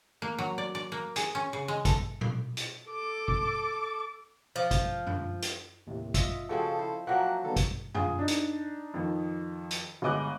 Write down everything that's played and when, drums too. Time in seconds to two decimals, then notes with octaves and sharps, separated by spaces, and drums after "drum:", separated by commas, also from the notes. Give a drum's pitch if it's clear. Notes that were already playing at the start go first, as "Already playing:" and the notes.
0.22 A#3
0.38 F#3
0.58 D5
0.75 D5
0.92 A#3
1.16 G#4, drum: hi-hat
1.35 C#4
1.53 C#3
1.68 G#3
1.85 A4, drum: kick, hi-hat
2.21 drum: tom A#2
2.57 drum: hi-hat
2.88 A4 D6
3.28 drum: kick
4.56 F3
4.71 drum: kick, hi-hat
5.07 drum: tom F#2
5.42 drum: hi-hat
5.87 D#2 A2 C3
6.14 F4 D#5 E5, drum: kick, hi-hat
6.49 C#3 F3 C4 F#4 G#4 A4
6.79 E4 C5
7.07 F3 F#3 A#3 E5 F#5 G5
7.44 D#3 G3 B3 A4
7.56 drum: kick, hi-hat
7.95 F4 G#4, drum: tom F#2
8.19 D4 D#4
8.28 drum: hi-hat
8.94 F2 D#3
9.70 drum: hi-hat
10.02 G1 G#3 D#5 D6 F#6